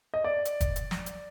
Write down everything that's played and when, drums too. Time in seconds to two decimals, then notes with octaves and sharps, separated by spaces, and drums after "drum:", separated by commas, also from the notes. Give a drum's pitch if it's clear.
0.14 D#5
0.24 D5
0.45 drum: hi-hat
0.61 drum: kick, hi-hat
0.76 drum: hi-hat
0.91 drum: snare
1.06 drum: hi-hat